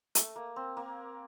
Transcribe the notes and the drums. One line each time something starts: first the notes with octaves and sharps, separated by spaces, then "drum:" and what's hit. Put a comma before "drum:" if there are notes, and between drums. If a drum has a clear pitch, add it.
A3, drum: hi-hat
A#3
C4
A#3